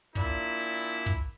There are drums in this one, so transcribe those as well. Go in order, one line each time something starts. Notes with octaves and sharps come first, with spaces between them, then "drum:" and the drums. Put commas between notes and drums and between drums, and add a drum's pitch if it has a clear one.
A#2 D4 E4, drum: kick, hi-hat
drum: hi-hat
drum: kick, hi-hat